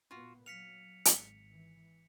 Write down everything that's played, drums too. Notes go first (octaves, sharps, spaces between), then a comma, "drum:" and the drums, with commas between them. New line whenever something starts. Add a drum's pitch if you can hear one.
A#2 A#3 B3 F4 F#4
F#3 F5 B6 C#7 F7
G#1, drum: hi-hat
E3